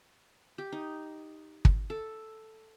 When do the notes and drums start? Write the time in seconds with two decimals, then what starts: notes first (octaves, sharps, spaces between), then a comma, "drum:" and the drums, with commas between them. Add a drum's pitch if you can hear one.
0.58 G4
0.72 D#4
1.65 drum: kick
1.90 A4